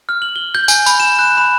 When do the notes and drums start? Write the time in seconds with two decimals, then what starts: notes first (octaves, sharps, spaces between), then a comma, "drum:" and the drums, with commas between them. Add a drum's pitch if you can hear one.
0.09 F6
0.22 F#7
0.36 G7
0.55 G6
0.68 G#5, drum: tambourine
0.86 B5, drum: tambourine
1.00 E7
1.19 F#6
1.37 B5